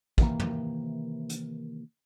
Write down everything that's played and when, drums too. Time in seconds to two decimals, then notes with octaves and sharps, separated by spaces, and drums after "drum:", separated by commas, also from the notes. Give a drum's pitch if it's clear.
0.18 C3 D#3 E3 A#3, drum: kick
0.40 drum: tom
1.29 drum: hi-hat